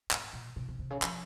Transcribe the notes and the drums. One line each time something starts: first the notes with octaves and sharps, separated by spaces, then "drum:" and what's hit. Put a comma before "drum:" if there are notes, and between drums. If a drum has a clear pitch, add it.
G#2, drum: clap
A#2
B2
C3
C3
C#3
F3, drum: clap